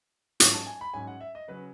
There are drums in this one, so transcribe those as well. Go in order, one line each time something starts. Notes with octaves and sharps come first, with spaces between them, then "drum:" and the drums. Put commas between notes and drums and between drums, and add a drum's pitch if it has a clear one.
G#2 F#3 C#4 C#6, drum: hi-hat
A5
G#5
B5
G#2 F#3 C#4 G#5
F#5
E5
D#5
C#3 F#3 C#4 B4